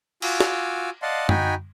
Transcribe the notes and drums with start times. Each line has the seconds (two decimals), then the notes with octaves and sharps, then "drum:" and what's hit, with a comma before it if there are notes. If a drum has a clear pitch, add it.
0.22 F4 F#4 G#5 D6 E6 F6, drum: cymbal
0.40 drum: snare
1.02 D5 D#5 F5 F#5 A5 C6
1.29 D#4 F#4 G5 G#5 B5, drum: tom F#2